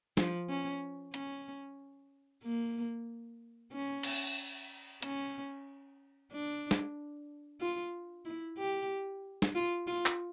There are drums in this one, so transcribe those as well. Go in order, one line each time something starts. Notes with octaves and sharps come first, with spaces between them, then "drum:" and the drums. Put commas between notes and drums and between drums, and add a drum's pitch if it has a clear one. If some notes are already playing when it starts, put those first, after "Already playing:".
F3, drum: snare
C#4
C#4, drum: hi-hat
A#3
C#4
drum: cymbal
C#4, drum: hi-hat
D4
drum: snare
F4
E4
G4
drum: snare
F4
F4
drum: clap